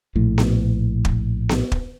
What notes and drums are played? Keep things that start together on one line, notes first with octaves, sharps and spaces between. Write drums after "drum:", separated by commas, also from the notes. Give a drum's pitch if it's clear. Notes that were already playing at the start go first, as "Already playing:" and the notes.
A#1 A2
drum: snare B3
drum: kick
drum: snare B3
drum: kick